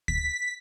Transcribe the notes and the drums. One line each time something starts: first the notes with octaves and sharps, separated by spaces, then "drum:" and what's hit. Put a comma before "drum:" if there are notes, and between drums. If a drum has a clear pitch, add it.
B6, drum: kick